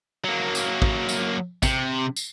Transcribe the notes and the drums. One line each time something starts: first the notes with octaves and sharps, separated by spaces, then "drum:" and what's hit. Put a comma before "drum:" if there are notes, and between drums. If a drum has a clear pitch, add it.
F#3 A#3
drum: tambourine
drum: kick
drum: tambourine
C3, drum: kick, tambourine
drum: tambourine